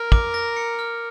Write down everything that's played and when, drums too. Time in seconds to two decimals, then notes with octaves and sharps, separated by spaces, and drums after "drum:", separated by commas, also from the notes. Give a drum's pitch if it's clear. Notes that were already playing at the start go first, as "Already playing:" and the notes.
Already playing: A#4 F6
0.12 D6, drum: kick
0.34 A#6
0.56 C#7
0.79 F6